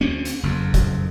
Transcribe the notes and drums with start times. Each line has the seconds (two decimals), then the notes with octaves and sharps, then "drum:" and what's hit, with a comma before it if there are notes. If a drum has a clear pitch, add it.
0.01 D2 C4 C#4
0.25 drum: hi-hat
0.43 F#1 F2
0.74 drum: kick, hi-hat